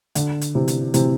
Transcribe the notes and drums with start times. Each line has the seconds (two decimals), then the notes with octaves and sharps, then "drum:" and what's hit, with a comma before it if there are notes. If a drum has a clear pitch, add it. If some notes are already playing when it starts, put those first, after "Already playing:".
0.15 D3, drum: hi-hat
0.41 drum: hi-hat
0.55 C3 E3
0.68 drum: hi-hat
0.94 C3 E3, drum: hi-hat